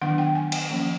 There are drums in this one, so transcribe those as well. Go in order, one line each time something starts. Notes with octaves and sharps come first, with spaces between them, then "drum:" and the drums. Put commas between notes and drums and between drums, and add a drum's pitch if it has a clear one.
D#3 F#3 B3 D4 F#5
G5
G#5
drum: cymbal
F3 A#3 C#4